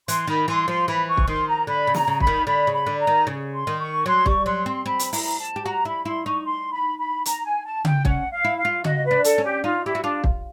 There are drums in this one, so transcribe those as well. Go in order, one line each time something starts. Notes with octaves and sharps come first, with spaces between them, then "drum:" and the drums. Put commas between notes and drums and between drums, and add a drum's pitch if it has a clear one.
E3 C6, drum: hi-hat
D#3 B5
E3 C6
F3 C6
E3 B5
C#6
drum: kick
D#3 C6
A#5
D3 B5
C#3
A#5, drum: snare
C#3
B5, drum: kick
D#3
D3 B5
C#3
B5
D3
A#5
D#3
C#3
C6
D#3
C#6
F#3 C6
G3 C#6, drum: kick
F#3 C6
C4 C6
C4 B5
drum: hi-hat
E4 A#5, drum: open hi-hat
A5
G4
F#4 A#5
E4 B5
E4 C6
D#4 C#6
C6
B5
B5
A#5, drum: hi-hat
G#5
A5
G5, drum: tom C#3
C#4 F#5, drum: kick
F5
E4
F5
F4
F#4 D#5, drum: tom C#3
B4
D4
A4, drum: hi-hat
C#4
G4
D#4 F4
E4 G4
F#4
D4 F4
drum: kick